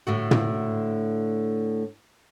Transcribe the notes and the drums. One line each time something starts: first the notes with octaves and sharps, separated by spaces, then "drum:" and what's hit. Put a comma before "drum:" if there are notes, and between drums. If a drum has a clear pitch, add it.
A2 D3 F#4
drum: tom